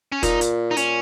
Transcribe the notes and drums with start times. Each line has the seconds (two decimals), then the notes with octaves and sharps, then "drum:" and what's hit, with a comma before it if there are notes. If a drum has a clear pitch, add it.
0.12 C#4
0.23 A#2 D#4, drum: kick, hi-hat
0.41 drum: hi-hat
0.71 D#4
0.77 A#2 C#4, drum: hi-hat